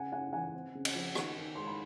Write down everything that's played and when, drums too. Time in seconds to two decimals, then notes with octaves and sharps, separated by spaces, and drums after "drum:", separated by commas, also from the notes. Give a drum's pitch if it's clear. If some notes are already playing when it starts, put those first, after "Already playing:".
Already playing: C#3 F#5 G#5
0.12 C#3 F#5 G#5
0.33 E3 F#5 G#5
0.54 C4
0.75 C#3
0.85 drum: cymbal
0.95 F3
1.15 D#3, drum: rim click
1.37 D#3
1.55 G#3 C6
1.66 B5